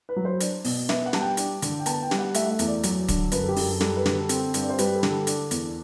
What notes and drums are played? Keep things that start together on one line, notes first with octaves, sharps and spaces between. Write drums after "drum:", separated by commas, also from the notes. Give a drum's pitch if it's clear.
B4
F#3
C5
D4 D5, drum: hi-hat
B2, drum: open hi-hat
B3 E5, drum: snare
F#5
G3 A5, drum: snare
G5
D4, drum: hi-hat
D3, drum: hi-hat
G5
B3 A5, drum: hi-hat
G5
G3, drum: snare
F#5
A3 E5, drum: hi-hat
F#5
E5
E2, drum: hi-hat
D5
F#3, drum: hi-hat
D3, drum: kick, hi-hat
F#2 B4, drum: hi-hat
A4
G4
F#2, drum: open hi-hat
A4
G3 A4, drum: snare
B4
D3, drum: snare
A4
C4, drum: hi-hat
G2, drum: hi-hat
D5
C5
G3 B4, drum: hi-hat
A4
D3, drum: snare
A4
D4, drum: hi-hat
E2, drum: hi-hat